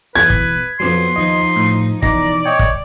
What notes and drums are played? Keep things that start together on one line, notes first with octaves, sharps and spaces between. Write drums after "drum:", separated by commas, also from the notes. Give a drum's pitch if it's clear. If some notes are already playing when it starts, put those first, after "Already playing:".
B2 E3 B4 G#6
drum: kick
F2 F#3 B3 C6
D#2 F3 D#4 D#5
A2
B2 E3 D#4 D5 A#5, drum: kick
C#5 D#5 G5
drum: kick